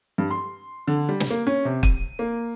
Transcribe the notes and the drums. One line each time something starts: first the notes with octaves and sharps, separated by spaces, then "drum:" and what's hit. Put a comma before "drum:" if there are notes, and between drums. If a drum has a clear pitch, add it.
G2
C6
D3
G3
drum: snare
A#3
C#4
C3
D#7, drum: kick
A#3